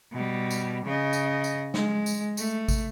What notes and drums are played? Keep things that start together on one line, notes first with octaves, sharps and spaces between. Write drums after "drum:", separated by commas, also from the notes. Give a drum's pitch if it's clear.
B2 G3
drum: tambourine
C#3 D#5
drum: tambourine
drum: tambourine
G#3, drum: snare
drum: tambourine
A3, drum: tambourine
drum: kick, tambourine